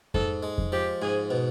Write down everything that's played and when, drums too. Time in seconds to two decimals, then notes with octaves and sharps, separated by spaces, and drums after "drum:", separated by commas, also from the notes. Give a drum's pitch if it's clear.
0.14 G#2 A4, drum: kick F2
0.43 G#3
0.58 drum: kick F2
0.72 F3 G4
1.02 G#2 G#4
1.30 B2